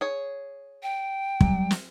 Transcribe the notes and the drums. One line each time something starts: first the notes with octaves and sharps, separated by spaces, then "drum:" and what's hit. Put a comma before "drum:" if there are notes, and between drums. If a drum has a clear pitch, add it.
G#4 C#5
G5
F#3 G3, drum: kick
drum: snare